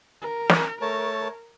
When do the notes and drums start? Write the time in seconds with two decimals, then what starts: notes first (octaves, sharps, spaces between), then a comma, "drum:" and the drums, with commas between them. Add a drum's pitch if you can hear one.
0.22 A#4
0.49 drum: snare
0.81 A3 A#4 C#5 A5